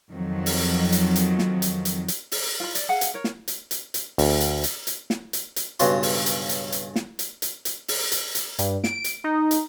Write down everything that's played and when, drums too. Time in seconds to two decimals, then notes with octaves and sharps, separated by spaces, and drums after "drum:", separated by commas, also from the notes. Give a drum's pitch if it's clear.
0.11 F2 D#3 F3 F#3
0.46 drum: open hi-hat
0.92 drum: hi-hat
1.16 drum: hi-hat
1.39 drum: snare
1.62 drum: hi-hat
1.85 drum: hi-hat
2.08 drum: hi-hat
2.32 drum: open hi-hat
2.60 F4 B5
2.75 D5, drum: hi-hat
2.89 G#4 F5 F#5
3.01 drum: hi-hat
3.14 A#4 C#5
3.24 drum: snare
3.48 drum: hi-hat
3.71 drum: hi-hat
3.94 drum: hi-hat
4.18 D2, drum: open hi-hat
4.40 drum: hi-hat
4.64 drum: hi-hat
4.87 drum: hi-hat
5.10 drum: snare
5.33 drum: hi-hat
5.56 drum: hi-hat
5.80 B1 G2 C#3 F#4 C6, drum: hi-hat
6.03 drum: open hi-hat
6.26 drum: hi-hat
6.49 drum: hi-hat
6.72 drum: hi-hat
6.96 drum: snare
7.19 drum: hi-hat
7.42 drum: hi-hat
7.65 drum: hi-hat
7.88 drum: open hi-hat
8.12 drum: hi-hat
8.35 drum: hi-hat
8.59 G2, drum: hi-hat
8.84 D7, drum: snare
9.04 drum: hi-hat
9.24 D#4
9.51 drum: hi-hat